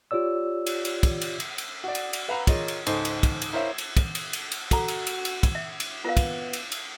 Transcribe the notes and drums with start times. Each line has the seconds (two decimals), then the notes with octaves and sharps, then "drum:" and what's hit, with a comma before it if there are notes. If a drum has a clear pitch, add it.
0.11 F4 G4 C#5 D5 E6
0.66 drum: cymbal
0.85 drum: cymbal
1.03 drum: kick, cymbal
1.21 drum: cymbal
1.40 drum: cymbal
1.58 drum: cymbal
1.84 F#4 D5
1.95 drum: cymbal
2.13 drum: cymbal
2.28 B4 F5 F#5 A#5 B5
2.47 F4 G#4 A#4 C#5 D#5, drum: kick, cymbal
2.68 drum: cymbal
2.87 C#2 G#2 A4 C5 D#5, drum: cymbal
3.05 drum: cymbal
3.23 drum: kick, cymbal
3.42 drum: cymbal
3.53 E4 A#4 C5 C#5 E5 F5
3.78 drum: cymbal
3.97 drum: kick, cymbal
4.15 drum: cymbal
4.33 drum: cymbal
4.52 drum: cymbal
4.71 F#4 A4 A#5, drum: kick, cymbal
4.88 drum: cymbal
5.07 drum: cymbal
5.25 drum: cymbal
5.43 drum: kick, cymbal
5.55 E5
5.80 drum: cymbal
6.04 B3 F4 A#4 F5
6.17 drum: kick, cymbal
6.53 drum: cymbal
6.72 drum: cymbal